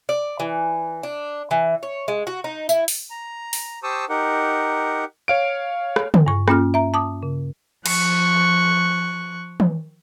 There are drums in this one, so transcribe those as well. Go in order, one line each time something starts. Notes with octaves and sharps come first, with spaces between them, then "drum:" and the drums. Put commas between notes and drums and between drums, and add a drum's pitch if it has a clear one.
D5
E3
D4
E3
C#5
G#3
F#4
D#4
E4, drum: tambourine
drum: open hi-hat
A#5
drum: open hi-hat
G4 C5 A5 C#6 D#6 E6
D#4 G4 A#4 F#5
C#5 F5 D7
drum: rim click
drum: tom
G2 C#6
A#3 C#4 F4 F6, drum: rim click
E5 A#5
A5 D6 D#6
C#3
F3 C#6 F#6, drum: cymbal
drum: tom